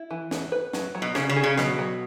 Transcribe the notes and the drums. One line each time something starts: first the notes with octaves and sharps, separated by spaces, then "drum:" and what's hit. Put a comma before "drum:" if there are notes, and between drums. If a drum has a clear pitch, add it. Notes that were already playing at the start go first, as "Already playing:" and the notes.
Already playing: E4
E3
B3, drum: snare
B4
F#3, drum: snare
F#3
B2
C#3 C#4, drum: snare
C#3
G#4
C#3
B2 F#3, drum: snare
F#3